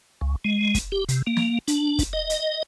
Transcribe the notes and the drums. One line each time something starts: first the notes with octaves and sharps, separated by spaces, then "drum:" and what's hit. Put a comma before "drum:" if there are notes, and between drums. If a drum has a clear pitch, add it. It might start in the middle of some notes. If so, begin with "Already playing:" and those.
C#2
G#3
drum: kick, hi-hat
G4
C3, drum: hi-hat
A#3
drum: snare
D4, drum: hi-hat
drum: kick, hi-hat
D#5
drum: hi-hat